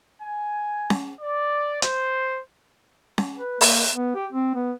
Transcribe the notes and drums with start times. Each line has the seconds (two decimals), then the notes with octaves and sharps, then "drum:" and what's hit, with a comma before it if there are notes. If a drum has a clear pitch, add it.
0.22 G#5
0.90 drum: snare C#4
1.21 D5
1.82 C5, drum: hi-hat
3.18 drum: snare C#4
3.38 B4
3.61 A#3, drum: open hi-hat
3.93 B3
4.15 G4
4.33 C4
4.55 B3